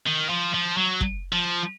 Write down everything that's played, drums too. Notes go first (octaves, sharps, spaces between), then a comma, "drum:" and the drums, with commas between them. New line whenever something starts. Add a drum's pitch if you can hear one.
D#3
F3
F3
F#3
drum: kick
F3